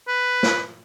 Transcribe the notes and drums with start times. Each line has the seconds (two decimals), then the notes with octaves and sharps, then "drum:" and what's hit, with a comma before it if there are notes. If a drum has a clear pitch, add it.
0.08 B4
0.43 drum: snare